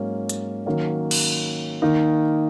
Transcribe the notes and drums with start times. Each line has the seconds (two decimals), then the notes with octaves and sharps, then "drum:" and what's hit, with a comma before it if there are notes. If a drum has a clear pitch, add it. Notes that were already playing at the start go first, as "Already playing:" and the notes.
Already playing: G#2 F#3 A#3 C#4
0.29 drum: hi-hat
0.66 D#3 F#3 A#3 C#4
1.11 drum: cymbal
1.82 D#3 A#3 D#4